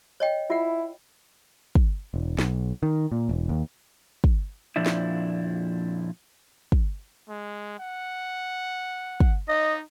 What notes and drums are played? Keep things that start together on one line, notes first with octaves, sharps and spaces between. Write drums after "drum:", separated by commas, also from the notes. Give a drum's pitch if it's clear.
C#5 D#5 G5
E4 F4 F#5
drum: kick
E1
B1, drum: snare
D#3
A#2
E1
D#2
drum: kick
F2 A#2 F3 D4 E4
drum: snare
drum: kick
G#3
F#5
drum: kick
D#4 D#5